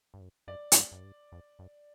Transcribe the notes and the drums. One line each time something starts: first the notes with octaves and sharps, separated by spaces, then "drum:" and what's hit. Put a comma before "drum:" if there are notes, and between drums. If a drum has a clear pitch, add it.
G2
F#2
F#2 D5
G#2, drum: hi-hat
G2
F#2
G2
F2
F#2